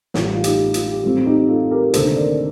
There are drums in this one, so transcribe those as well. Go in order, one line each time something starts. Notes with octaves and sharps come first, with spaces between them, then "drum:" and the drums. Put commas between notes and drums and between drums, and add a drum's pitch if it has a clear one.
A1 A2 G3 F4, drum: snare
F4
D#4 G4, drum: hi-hat
F4, drum: hi-hat
G4
A2 G3 C4 F4
D#4 G4
F4 A4
G4 A#4
D2 C3 D#3 A#3 D4 A4 C5, drum: hi-hat
A#4 D5